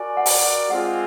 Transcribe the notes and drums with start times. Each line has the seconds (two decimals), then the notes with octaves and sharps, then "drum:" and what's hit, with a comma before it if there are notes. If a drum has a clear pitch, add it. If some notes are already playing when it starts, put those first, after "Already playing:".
Already playing: F#4 A#4 D5 G#5
0.17 F#5
0.26 G5, drum: open hi-hat
0.69 G#3 C4 F4 G#4 F#5